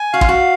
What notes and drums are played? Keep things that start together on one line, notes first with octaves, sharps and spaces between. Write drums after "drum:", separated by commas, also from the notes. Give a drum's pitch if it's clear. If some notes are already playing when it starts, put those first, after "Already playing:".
Already playing: G#5
F#4 F5
F4, drum: kick
F#4